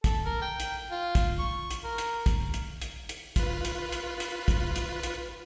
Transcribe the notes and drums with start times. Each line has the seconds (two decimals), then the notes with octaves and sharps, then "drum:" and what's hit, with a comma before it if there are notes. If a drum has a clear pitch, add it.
0.04 A4, drum: kick, hi-hat
0.25 A#4
0.42 G5
0.60 drum: hi-hat
0.91 F4
1.15 drum: kick, hi-hat
1.39 C#6
1.71 drum: hi-hat
1.84 A#4
1.98 drum: hi-hat
2.26 drum: kick, hi-hat
2.54 drum: hi-hat
2.82 drum: hi-hat
3.09 drum: hi-hat
3.36 F4 B4, drum: kick, hi-hat
3.65 drum: hi-hat
3.92 drum: hi-hat
4.20 drum: hi-hat
4.48 drum: kick, hi-hat
4.76 drum: hi-hat
5.03 drum: hi-hat